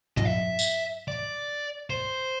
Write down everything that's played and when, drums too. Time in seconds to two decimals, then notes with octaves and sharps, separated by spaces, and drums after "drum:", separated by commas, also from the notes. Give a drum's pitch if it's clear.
0.17 D#5, drum: tom
0.25 E5
0.59 drum: tambourine
1.08 D5
1.90 C5